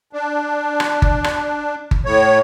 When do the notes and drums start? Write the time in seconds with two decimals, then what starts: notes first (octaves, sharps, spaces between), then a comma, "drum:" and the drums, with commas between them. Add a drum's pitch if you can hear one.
0.13 D4
0.80 drum: rim click
1.02 drum: kick G1
1.24 drum: rim click
1.91 drum: kick G1
2.06 A2 C#5